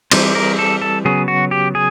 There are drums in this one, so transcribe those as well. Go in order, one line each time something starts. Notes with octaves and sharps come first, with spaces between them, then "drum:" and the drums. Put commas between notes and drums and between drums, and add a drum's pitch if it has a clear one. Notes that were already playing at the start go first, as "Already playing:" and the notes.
E3 G3 C4, drum: cymbal
A#4
A4
A4
C#3 F#3 B3 G#4
F#4
G4
G#4